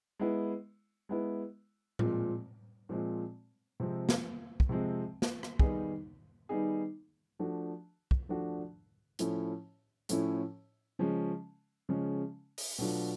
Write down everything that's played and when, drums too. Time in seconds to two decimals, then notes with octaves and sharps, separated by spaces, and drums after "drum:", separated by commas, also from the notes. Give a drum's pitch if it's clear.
0.20 G#3 B3 E4
1.09 G#3 B3 E4
1.99 A#2 F3 G#3 C4 F4, drum: tom A2
2.89 A#2 F3 G#3 C4 F4
3.80 C3 F3 G#3 C4
4.09 drum: snare
4.60 drum: kick
4.69 C3 F3 G#3 C4
5.22 drum: snare
5.43 drum: rim click
5.59 D#3 G3 B3 D#4 G#4, drum: kick
6.49 D#3 G3 B3 D#4 G#4
7.39 F3 A3 D4 F#4
8.11 drum: kick
8.29 F3 A3 D4 F#4
9.19 A2 F3 A3 C#4 E4, drum: hi-hat
10.09 A2 F3 A3 C#4 E4, drum: hi-hat
10.99 C#3 F3 G#3 C#4
11.89 C#3 F3 G#3 C#4
12.58 drum: open hi-hat
12.78 B2 F#3 A3 D4 F4